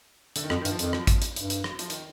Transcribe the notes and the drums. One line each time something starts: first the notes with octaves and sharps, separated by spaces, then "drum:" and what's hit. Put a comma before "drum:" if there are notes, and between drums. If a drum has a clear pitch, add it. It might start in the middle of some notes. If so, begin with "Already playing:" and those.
D3, drum: hi-hat
D#3
F2 F3, drum: rim click
D#3
G2, drum: hi-hat
F3
F2 D#3, drum: hi-hat
F3, drum: rim click
drum: kick, hi-hat
drum: hi-hat
G2, drum: hi-hat
drum: hi-hat
drum: rim click
F3, drum: hi-hat
D#3, drum: hi-hat